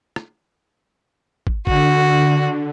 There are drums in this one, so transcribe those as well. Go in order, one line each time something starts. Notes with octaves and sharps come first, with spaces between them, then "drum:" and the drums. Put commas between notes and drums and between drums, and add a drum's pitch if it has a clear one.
drum: rim click
drum: kick
D3 F#4, drum: kick